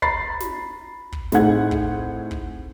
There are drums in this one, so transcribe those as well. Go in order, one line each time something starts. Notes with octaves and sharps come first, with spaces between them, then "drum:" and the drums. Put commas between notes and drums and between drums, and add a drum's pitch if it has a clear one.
A#5 B5 A6 C7, drum: kick
drum: snare
drum: kick
A2 C4 D#4 G#4 F#5 G#6, drum: snare
drum: kick
drum: kick